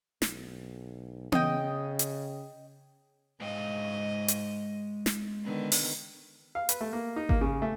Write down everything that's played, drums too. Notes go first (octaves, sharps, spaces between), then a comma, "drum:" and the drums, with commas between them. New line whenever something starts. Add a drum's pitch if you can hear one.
B1, drum: snare
C#3 D#5 G5, drum: tom B3
drum: hi-hat
G#2 G#3 D#5 F5 G5
drum: hi-hat
drum: snare
D3 D#3 B3
drum: open hi-hat
F5
B4, drum: hi-hat
A3
A#3
D#4
A#3, drum: kick G#1
C#3
A3